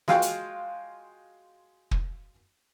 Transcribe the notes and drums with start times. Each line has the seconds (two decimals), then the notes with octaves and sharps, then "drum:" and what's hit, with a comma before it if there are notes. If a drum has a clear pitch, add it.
0.08 G#3 F4 F#4 F5 G5, drum: snare
0.22 drum: hi-hat
1.91 drum: kick